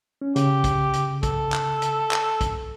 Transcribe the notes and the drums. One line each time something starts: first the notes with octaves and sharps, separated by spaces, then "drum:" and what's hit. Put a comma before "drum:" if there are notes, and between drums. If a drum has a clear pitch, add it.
C#4
C#3 G4, drum: hi-hat
drum: kick, hi-hat
drum: hi-hat
A4, drum: kick, hi-hat
drum: clap
drum: hi-hat
drum: clap
drum: kick, hi-hat